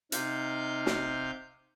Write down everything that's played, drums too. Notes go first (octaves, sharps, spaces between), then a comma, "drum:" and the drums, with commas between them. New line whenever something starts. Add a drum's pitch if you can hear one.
C3 D#4 F5 G6, drum: hi-hat
drum: snare